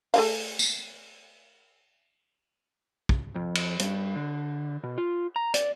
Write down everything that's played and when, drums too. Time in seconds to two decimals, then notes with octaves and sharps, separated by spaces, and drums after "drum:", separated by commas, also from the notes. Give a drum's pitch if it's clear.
0.14 A3 G#4 F5, drum: open hi-hat
0.59 drum: tambourine
3.09 drum: kick
3.35 F2
3.55 drum: cymbal
3.79 G2, drum: hi-hat
4.16 D3
4.84 B2
4.98 F4
5.36 A#5
5.54 D5, drum: hi-hat